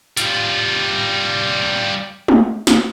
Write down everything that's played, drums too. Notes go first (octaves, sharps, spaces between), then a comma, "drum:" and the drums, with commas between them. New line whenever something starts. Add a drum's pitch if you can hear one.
G3 F4, drum: hi-hat
drum: tom
drum: snare